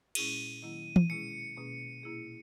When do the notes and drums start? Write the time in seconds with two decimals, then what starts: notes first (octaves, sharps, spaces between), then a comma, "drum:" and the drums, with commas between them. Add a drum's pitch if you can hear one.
0.15 A#2 G#3 C#4 E4 G#4 D#7, drum: cymbal
0.63 D#3 F#3 A#3 E4
0.96 drum: tom E3
1.10 B2 G#3 C#4 E4 G#4 C#7
1.56 B2 A#3 C#4 G#4
2.03 A#2 A#3 E4 G#4